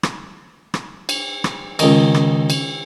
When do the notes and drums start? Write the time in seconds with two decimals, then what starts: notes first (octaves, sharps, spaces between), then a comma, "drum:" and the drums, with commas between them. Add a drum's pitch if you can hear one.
0.03 drum: rim click
0.74 drum: rim click
1.09 drum: cymbal
1.44 drum: rim click
1.79 C#2 D#3, drum: cymbal
2.14 drum: rim click
2.50 drum: cymbal